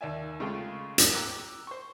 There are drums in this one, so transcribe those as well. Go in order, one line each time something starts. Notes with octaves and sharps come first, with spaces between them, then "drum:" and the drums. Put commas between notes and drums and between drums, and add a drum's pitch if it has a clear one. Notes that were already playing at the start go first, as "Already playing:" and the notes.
D#2 D5 E5 G#5
C#3 G#3 A3 F4 G5
drum: hi-hat
G5 A#5 D6 E6 F#6
C5 C#6